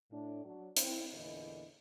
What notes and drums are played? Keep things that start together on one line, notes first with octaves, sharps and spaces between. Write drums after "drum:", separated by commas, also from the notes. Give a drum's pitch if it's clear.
A2 D4
F#3 D4
C4 E4, drum: hi-hat
E2 A#2 D3 E3 A#3 D#5